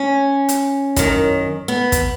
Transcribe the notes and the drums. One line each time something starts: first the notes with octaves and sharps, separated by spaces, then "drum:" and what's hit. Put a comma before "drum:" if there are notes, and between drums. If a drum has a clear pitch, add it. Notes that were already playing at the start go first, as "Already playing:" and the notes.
Already playing: C#4
drum: hi-hat
F#2 D#3, drum: kick, hi-hat
B3
drum: kick, hi-hat